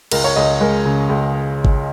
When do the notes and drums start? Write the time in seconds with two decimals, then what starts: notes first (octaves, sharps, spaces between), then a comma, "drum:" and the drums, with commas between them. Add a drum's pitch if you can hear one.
0.11 C#2 A#4, drum: cymbal
0.24 C#5
0.36 C#2 D#5
0.61 G#3 A#4
0.85 C#3
1.09 C#2
1.65 drum: kick G#1